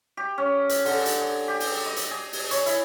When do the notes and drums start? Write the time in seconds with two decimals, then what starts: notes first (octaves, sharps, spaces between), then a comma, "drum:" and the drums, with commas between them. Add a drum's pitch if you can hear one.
0.17 G4
0.38 C#4
0.69 drum: hi-hat
0.85 D3, drum: open hi-hat
1.06 drum: hi-hat
1.21 G#4
1.48 G4
1.60 drum: open hi-hat
1.86 D#5
1.96 drum: hi-hat
2.11 G#4
2.33 drum: open hi-hat
2.51 C#5, drum: hi-hat
2.66 E4, drum: hi-hat